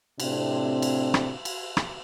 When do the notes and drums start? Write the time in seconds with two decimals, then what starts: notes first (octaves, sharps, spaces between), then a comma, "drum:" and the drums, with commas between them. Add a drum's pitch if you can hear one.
0.20 A2 C3 C4 D4, drum: cymbal
0.82 drum: cymbal
1.14 drum: rim click
1.45 drum: cymbal
1.77 drum: rim click